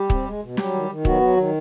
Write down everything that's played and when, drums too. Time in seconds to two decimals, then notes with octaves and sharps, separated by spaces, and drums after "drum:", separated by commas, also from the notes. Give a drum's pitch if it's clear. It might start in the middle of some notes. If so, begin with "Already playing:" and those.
Already playing: G3 G4
0.10 C4, drum: kick
0.26 G#3
0.42 B2
0.57 F#3 G3 G4, drum: snare
0.73 D#3
0.89 D#3
1.05 F#3 B3 F#4, drum: kick
1.21 F#3
1.37 D#3